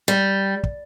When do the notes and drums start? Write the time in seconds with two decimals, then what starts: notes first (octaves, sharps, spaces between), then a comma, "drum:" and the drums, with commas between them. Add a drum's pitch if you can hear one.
0.08 G3
0.64 drum: kick